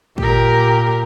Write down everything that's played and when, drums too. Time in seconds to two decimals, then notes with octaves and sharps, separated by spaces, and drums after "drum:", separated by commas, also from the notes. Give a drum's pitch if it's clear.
0.18 A#2 G4 A#4, drum: kick